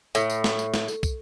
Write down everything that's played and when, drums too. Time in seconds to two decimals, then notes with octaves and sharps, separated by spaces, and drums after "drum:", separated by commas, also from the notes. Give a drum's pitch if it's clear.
0.15 A2, drum: tambourine
0.30 drum: tambourine
0.44 drum: snare
0.59 drum: tambourine
0.74 drum: snare
0.88 drum: tambourine
1.03 drum: kick, tambourine